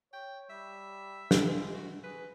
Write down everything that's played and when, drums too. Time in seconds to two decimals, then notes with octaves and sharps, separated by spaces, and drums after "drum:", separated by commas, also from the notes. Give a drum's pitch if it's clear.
0.13 C#5 G5
0.50 G3 E5
1.31 G#3, drum: snare
1.74 F#4
2.03 G#4 B4